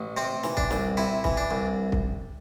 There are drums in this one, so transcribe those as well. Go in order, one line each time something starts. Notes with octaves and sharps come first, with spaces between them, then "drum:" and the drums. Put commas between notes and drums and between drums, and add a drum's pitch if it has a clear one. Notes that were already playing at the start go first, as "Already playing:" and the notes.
Already playing: A1
C3 C4
E3, drum: snare
D4, drum: kick
C2, drum: snare
C3 E4
E3, drum: kick
D4
C2
drum: kick